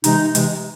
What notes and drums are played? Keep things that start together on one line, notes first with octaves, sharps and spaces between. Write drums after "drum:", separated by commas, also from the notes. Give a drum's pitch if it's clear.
C3 E3 G#3 D#4, drum: hi-hat
C3 E3 G#3, drum: hi-hat